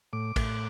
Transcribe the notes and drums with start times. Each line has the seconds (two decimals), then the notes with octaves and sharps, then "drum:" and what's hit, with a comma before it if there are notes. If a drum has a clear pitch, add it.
0.13 A2 D6
0.36 A2, drum: kick A1, cymbal